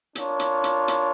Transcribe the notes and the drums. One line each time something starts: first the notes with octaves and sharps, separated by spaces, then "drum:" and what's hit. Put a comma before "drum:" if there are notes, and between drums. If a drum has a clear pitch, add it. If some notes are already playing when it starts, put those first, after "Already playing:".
D4 F4 A#4 C#5, drum: hi-hat
drum: hi-hat
drum: hi-hat
drum: hi-hat